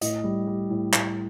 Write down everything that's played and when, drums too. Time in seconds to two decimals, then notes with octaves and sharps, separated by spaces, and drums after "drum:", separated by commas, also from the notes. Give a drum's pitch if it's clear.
0.01 A2 D#5, drum: hi-hat
0.24 G3
0.47 G3
0.70 A2
0.93 A2, drum: clap